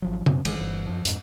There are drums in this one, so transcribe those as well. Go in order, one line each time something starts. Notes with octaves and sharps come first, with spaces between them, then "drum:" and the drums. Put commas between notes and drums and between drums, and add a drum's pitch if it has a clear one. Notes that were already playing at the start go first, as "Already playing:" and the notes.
G#1 F3 F#3
F#2 B2 C4 C#4, drum: tom C#3
G1 D#3 E3 G#3, drum: cymbal
G1 G2 E3
F#2 F3
F2 G#2, drum: hi-hat